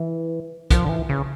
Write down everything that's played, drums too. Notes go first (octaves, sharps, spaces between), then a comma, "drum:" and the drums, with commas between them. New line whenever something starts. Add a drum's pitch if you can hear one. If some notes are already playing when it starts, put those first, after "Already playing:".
Already playing: E3
F3, drum: kick, hi-hat
D3
E3
C#3